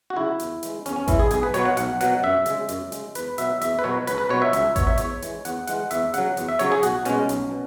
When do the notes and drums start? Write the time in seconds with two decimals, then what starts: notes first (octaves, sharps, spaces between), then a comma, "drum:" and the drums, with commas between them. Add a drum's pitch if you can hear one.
0.10 F#4
0.16 C#3 F#3 E4
0.40 E2, drum: hi-hat
0.63 E3 G#3, drum: hi-hat
0.86 E2 C#4, drum: hi-hat
0.96 C#4
1.08 E3 G#3 E4, drum: kick A1, hi-hat
1.19 G#4
1.31 B1 G#4, drum: hi-hat
1.43 B4
1.54 B2 F#3 C#5, drum: hi-hat
1.65 F#5
1.77 B1 F#5, drum: hi-hat
2.01 B2 F#3 F#5, drum: hi-hat
2.23 F#2 E5
2.46 C#3 G#3, drum: hi-hat
2.69 F#2, drum: hi-hat
2.92 C#3 G#3, drum: hi-hat
3.15 E2 B4, drum: hi-hat
3.38 B2 F#3 E5, drum: hi-hat
3.62 E2 E5, drum: hi-hat
3.79 B4
3.84 B2 F#3 C#5
4.07 C#2 B4, drum: hi-hat
4.18 B4
4.29 B2 F#3 C#5
4.42 E5
4.53 C#2 E5, drum: hi-hat
4.76 B2 F#3 C#5, drum: kick A1, hi-hat
4.87 E5
4.98 E2 C#5, drum: hi-hat
5.22 E3 G#3, drum: hi-hat
5.45 E2 F#5, drum: hi-hat
5.67 E3 G#3 F#5, drum: hi-hat
5.91 E2 E5, drum: hi-hat
6.14 C#3 F#3 F#5, drum: hi-hat
6.37 E2, drum: hi-hat
6.49 E5
6.59 C#3 F#3 C#5, drum: hi-hat
6.72 G#4
6.83 B1 F#4, drum: hi-hat
7.05 B2 G#3 C#4, drum: hi-hat
7.29 B1, drum: hi-hat
7.51 B2